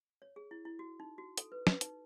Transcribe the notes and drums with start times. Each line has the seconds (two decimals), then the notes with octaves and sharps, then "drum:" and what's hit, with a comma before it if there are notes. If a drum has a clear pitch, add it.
0.22 C#5
0.36 G#4
0.51 E4
0.65 E4
0.79 F#4
1.00 D#4
1.18 F#4
1.37 A4, drum: hi-hat
1.52 B4
1.67 B4, drum: snare
1.81 D#4, drum: hi-hat